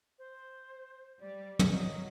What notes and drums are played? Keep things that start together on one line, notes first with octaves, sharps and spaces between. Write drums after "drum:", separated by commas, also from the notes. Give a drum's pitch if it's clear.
C5
G3 D5
drum: tom
F#3 D#5